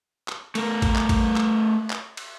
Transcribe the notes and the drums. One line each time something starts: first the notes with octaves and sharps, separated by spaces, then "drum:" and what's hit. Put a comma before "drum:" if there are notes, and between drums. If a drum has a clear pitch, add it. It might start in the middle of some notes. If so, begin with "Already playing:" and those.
drum: clap
A3 A#4, drum: cymbal
drum: kick A1, cymbal
drum: clap
drum: kick A1, cymbal
drum: clap
drum: clap
drum: cymbal